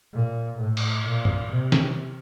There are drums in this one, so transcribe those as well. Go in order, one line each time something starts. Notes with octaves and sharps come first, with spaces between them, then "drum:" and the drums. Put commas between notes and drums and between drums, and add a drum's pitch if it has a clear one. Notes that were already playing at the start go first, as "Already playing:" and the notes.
A#2
A2
drum: cymbal
A#2
drum: tom
C3
drum: snare